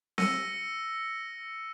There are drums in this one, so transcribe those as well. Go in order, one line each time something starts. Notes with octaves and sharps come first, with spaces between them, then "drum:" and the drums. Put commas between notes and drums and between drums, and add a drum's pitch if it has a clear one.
E6 A#6 C#7 D#7, drum: snare C4